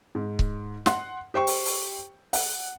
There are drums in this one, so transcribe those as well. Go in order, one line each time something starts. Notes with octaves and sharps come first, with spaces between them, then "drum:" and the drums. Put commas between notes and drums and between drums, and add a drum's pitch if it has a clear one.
G#2
drum: kick C#1
F#5 C6, drum: snare
G4 C5 G5 C#6
drum: open hi-hat
drum: open hi-hat
F#5, drum: open hi-hat